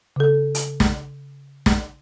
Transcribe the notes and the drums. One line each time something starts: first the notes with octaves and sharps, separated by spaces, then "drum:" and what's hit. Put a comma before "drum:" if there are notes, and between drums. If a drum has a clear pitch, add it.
C#3 A4
drum: hi-hat
drum: snare
drum: snare